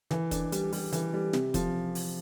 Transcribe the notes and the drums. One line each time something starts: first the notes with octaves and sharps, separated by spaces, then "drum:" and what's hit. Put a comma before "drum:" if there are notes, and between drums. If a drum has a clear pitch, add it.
E3, drum: snare
D4, drum: kick, hi-hat
G3, drum: hi-hat
G3, drum: open hi-hat
E3, drum: hi-hat
G3
C3, drum: snare
F3, drum: kick, hi-hat
drum: open hi-hat